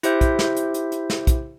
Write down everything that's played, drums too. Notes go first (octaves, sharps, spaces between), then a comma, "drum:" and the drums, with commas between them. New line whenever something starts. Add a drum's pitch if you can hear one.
E4 G4 C5 E5 G6, drum: hi-hat
drum: kick, hi-hat
drum: snare
drum: hi-hat
drum: hi-hat
drum: hi-hat
drum: snare
drum: kick, hi-hat